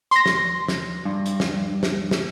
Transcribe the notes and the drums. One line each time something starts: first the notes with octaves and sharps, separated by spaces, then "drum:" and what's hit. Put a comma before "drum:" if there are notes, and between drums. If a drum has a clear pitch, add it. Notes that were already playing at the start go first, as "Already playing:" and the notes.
C6 A#6, drum: hi-hat
drum: snare
drum: snare
G2
drum: hi-hat
drum: snare
drum: snare
drum: snare